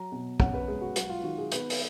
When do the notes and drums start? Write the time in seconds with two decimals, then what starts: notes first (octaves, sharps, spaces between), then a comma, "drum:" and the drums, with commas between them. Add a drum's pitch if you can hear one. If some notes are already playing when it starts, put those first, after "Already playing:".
Already playing: F#3 A#5
0.12 B2
0.40 C#4 F#5, drum: kick
0.53 B4
0.68 G#3 G#4
0.81 F#4
0.96 F#3 F#4, drum: hi-hat
1.10 F4
1.23 D#3 F#4
1.38 G#4
1.52 B3 B4, drum: hi-hat
1.70 drum: open hi-hat